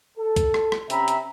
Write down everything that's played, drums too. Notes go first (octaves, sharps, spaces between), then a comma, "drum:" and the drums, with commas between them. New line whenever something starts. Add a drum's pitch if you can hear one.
A4
drum: kick C2, hi-hat
drum: rim click
drum: rim click
C3 C#4 E5 G5 A#5 B5, drum: hi-hat
drum: hi-hat